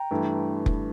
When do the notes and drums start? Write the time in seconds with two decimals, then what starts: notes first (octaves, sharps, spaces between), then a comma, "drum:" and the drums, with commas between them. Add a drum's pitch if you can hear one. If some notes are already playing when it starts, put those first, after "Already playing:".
Already playing: G5 A#5
0.11 G2 E3 A3
0.66 drum: kick F1